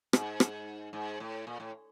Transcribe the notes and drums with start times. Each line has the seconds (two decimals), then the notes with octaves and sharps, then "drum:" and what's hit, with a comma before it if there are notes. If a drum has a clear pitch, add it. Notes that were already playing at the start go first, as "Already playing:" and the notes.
0.13 G#2, drum: rim click
0.40 drum: rim click
0.93 G#2
1.20 A2
1.47 A#2
1.60 A2